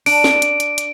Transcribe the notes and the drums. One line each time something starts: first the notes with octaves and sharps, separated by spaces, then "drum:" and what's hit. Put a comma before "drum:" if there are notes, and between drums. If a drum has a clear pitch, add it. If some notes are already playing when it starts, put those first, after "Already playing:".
D4 D7, drum: open hi-hat
drum: snare
drum: hi-hat
drum: hi-hat
drum: hi-hat